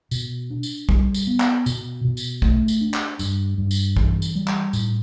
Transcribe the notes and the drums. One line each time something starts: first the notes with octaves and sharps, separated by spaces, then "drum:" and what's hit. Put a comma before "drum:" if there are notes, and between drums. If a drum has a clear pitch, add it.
B2, drum: tambourine
D4
drum: tambourine
G3, drum: kick
drum: tambourine
B3
drum: clap
B2, drum: tambourine
B2
drum: tambourine
A3, drum: kick
drum: tambourine
D4
drum: clap
G2, drum: tambourine
G2
drum: tambourine
E3, drum: kick
drum: tambourine
G3
drum: clap
A2, drum: tambourine